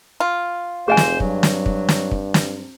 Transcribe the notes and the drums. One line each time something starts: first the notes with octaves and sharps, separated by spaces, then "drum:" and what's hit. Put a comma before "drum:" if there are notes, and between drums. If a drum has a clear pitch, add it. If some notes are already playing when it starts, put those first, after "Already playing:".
F4
F1 G#4 C5 D#5 G#5
drum: snare
G2 F#3, drum: kick
drum: snare
drum: kick
drum: snare
drum: kick
drum: snare